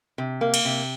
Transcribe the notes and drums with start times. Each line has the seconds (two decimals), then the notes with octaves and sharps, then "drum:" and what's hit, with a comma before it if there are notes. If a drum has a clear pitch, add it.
0.18 C3
0.41 A#3
0.54 drum: cymbal
0.65 C3